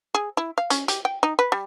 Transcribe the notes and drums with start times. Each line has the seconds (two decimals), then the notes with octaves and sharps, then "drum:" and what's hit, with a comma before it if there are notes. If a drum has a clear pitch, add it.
0.15 G#4
0.37 E4
0.58 F5
0.70 C#4, drum: hi-hat
0.88 G4, drum: hi-hat
1.05 G5
1.23 D#4
1.39 B4
1.52 G3